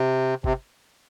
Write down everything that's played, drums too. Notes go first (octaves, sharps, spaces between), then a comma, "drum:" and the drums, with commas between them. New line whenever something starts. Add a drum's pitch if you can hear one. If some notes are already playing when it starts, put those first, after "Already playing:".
Already playing: C3
C3, drum: kick G1